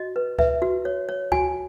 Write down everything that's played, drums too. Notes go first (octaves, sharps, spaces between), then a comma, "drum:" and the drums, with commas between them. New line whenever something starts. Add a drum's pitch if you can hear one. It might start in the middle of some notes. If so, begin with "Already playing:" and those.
Already playing: F#4 D#5
B4
B4 E5, drum: kick D2
F#4
C#5
C#5
F#4 G#5, drum: kick D2